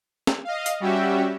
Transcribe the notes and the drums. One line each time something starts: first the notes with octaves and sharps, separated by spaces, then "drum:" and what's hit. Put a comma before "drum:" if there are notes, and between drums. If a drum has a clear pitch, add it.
drum: snare
D#5 F5
drum: hi-hat
G3 C#4 F#4 G4 E5